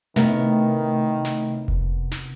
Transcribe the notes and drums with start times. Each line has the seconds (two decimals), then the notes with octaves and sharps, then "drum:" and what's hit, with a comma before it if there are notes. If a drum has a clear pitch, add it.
0.16 A2 C3 D#3 B3 A#4, drum: snare
1.25 drum: snare
1.68 drum: kick F1
2.11 drum: snare